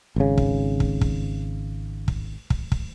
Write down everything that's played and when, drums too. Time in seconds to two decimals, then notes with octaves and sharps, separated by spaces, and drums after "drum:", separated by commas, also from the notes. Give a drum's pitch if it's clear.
0.16 G#1 C#3
0.38 drum: kick
0.80 drum: kick
1.01 drum: kick
2.08 drum: kick
2.50 drum: kick
2.72 drum: kick